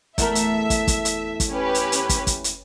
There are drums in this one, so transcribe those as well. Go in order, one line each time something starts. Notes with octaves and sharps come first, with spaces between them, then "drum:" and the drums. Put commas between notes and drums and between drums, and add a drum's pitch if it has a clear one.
E2 A3 A#4 E5, drum: kick, hi-hat
drum: hi-hat
drum: kick, hi-hat
drum: kick, hi-hat
drum: hi-hat
drum: kick, hi-hat
C#4 G4 B4
drum: hi-hat
drum: hi-hat
drum: kick, hi-hat
drum: kick, hi-hat
drum: hi-hat